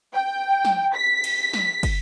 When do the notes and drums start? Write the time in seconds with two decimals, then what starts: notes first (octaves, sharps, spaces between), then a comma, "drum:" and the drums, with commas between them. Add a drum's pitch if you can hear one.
0.14 G5
0.65 drum: snare
0.94 B6
1.24 drum: cymbal
1.54 drum: snare
1.83 drum: kick, cymbal